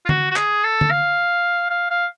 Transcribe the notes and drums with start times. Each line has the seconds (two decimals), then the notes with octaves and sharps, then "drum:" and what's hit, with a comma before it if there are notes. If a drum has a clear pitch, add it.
0.05 F4
0.09 F#4, drum: tom D3
0.31 F#4
0.36 G#4, drum: clap
0.64 A4
0.81 drum: tom D3
0.90 F5
1.70 F5
1.91 F5